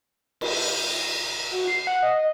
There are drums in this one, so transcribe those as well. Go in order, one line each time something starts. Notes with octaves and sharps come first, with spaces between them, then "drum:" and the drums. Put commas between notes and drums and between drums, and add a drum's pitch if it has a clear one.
drum: cymbal
F#4
C7
F#5
D#5